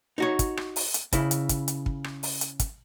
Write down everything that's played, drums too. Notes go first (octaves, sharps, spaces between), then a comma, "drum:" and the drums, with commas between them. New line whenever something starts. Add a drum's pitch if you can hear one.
D#4 F#4 C#5
drum: kick, hi-hat
drum: rim click
drum: open hi-hat
drum: hi-hat
C#3 E4, drum: kick, hi-hat
drum: hi-hat
drum: kick, hi-hat
drum: hi-hat
drum: kick
drum: rim click
drum: open hi-hat
drum: hi-hat
drum: kick, hi-hat